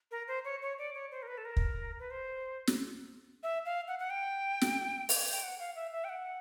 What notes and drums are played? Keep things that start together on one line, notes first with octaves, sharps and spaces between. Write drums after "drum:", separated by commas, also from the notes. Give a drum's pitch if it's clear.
A#4
C5
C#5
C#5
D5
C#5
C5
A#4
B4
A4
A#4
drum: kick
B4
C5
drum: snare
E5
F5
F#5
F#5
G5
drum: snare
drum: open hi-hat
G5
F#5
F5
E5
E5
G5
F#5